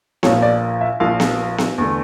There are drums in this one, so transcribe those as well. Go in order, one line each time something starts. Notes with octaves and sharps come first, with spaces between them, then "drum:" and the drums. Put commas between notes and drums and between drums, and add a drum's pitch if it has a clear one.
A#1 A#2 F3 C#5, drum: snare B3
D5
E5
A#1 A#2 F3 F5
drum: snare B3
drum: snare B3
E2 D3 A3